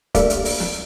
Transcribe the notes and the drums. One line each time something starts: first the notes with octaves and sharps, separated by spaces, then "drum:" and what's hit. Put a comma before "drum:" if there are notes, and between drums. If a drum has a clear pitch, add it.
G3 A3 A#3 D4, drum: kick, hi-hat
drum: hi-hat
drum: open hi-hat
drum: snare